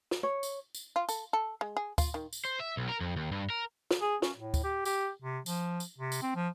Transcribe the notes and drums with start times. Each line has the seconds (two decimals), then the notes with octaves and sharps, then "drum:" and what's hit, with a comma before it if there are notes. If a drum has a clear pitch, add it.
0.11 drum: snare
0.23 C#5
0.43 drum: tambourine
0.75 drum: tambourine
0.96 F4
1.09 A4, drum: tambourine
1.33 A4
1.61 G#3
1.77 G#4
1.98 F4, drum: kick D2, tambourine
2.14 D#3
2.33 drum: tambourine
2.45 C5
2.60 E5
2.77 B1
2.89 A#4
3.01 F2
3.16 D#2
3.32 G2
3.50 A#4
3.91 drum: snare
4.01 G#4
4.22 C#4, drum: snare
4.37 A2
4.54 drum: kick D2, tambourine
4.64 G4
4.85 G4, drum: tambourine
5.22 C3
5.46 F3, drum: tambourine
5.80 drum: tambourine
5.98 C3
6.12 drum: tambourine
6.22 C4
6.35 F3